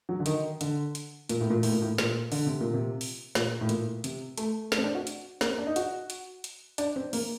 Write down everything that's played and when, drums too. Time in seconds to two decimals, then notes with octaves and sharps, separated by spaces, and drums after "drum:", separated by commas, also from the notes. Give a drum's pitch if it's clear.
0.09 F#3
0.20 D3
0.26 D#3, drum: hi-hat
0.61 D3, drum: hi-hat
0.95 drum: hi-hat
1.29 A#2, drum: hi-hat
1.41 A2
1.50 A#2
1.63 A2, drum: open hi-hat
1.72 A#2
1.82 A2
1.98 A#2, drum: snare
2.32 D3, drum: open hi-hat
2.47 C3
2.61 A#2
2.74 C3
3.01 drum: open hi-hat
3.35 A#2, drum: snare
3.61 A2
3.69 A#2, drum: hi-hat
4.04 C3, drum: hi-hat
4.38 A3, drum: hi-hat
4.72 A3, drum: snare
4.78 C4
4.84 D4
4.95 F#4
5.07 drum: hi-hat
5.41 A#3, drum: snare
5.49 C4
5.58 D4
5.67 D#4
5.76 F#4, drum: hi-hat
6.10 drum: hi-hat
6.44 drum: hi-hat
6.78 D4, drum: hi-hat
6.96 C4
7.13 A#3, drum: open hi-hat